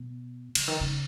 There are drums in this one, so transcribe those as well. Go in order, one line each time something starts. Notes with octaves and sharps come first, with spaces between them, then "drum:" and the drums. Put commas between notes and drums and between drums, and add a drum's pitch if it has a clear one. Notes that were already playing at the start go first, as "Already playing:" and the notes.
Already playing: B2
C#3, drum: cymbal
D#3
C#3